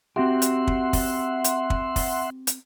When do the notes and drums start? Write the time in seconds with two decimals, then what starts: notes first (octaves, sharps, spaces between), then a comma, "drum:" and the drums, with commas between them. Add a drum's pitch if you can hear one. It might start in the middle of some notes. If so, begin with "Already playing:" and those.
0.16 C4 F#4 G4 E5 F#5 C6
0.42 drum: hi-hat
0.67 drum: kick
0.93 drum: kick, open hi-hat
1.44 drum: hi-hat
1.70 drum: kick
1.96 drum: kick, open hi-hat
2.47 drum: hi-hat